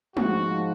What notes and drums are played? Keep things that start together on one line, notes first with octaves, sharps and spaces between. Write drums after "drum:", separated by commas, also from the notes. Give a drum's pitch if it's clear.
G#2 F3 F#4, drum: tom